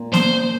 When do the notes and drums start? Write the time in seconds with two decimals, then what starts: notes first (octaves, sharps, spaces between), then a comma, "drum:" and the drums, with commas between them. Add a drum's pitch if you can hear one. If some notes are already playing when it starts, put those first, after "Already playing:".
Already playing: A#2
0.14 C5, drum: snare